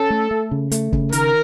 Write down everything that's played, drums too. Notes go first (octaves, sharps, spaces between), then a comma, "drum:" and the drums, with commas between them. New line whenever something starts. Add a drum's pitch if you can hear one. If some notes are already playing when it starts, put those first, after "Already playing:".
Already playing: C#4 A4
A3
A3
C#3
A3, drum: hi-hat
C#3, drum: kick
D#3 A#4, drum: hi-hat